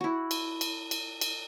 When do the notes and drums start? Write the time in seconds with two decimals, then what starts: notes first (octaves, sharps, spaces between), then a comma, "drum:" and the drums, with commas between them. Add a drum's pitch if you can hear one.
0.01 E4 F#4
0.31 drum: cymbal
0.61 drum: cymbal
0.91 drum: cymbal
1.21 drum: cymbal